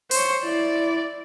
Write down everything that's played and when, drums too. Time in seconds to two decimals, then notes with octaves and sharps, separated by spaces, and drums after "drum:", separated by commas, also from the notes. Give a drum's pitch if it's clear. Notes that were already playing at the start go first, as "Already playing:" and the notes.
0.11 C5 C#5, drum: open hi-hat
0.44 E4 D5